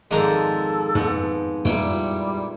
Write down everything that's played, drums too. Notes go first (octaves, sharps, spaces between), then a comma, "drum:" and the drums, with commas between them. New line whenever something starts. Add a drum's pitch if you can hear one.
F2 G#2 D#3 G#3 D4 A4 A#5
G#2 B3, drum: tom
A#2 G3 E4 G5, drum: tom